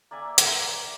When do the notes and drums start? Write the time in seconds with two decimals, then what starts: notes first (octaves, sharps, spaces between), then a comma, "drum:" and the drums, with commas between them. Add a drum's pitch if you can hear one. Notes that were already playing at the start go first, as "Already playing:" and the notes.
0.11 A#3 D5 E5 G#5
0.38 drum: hi-hat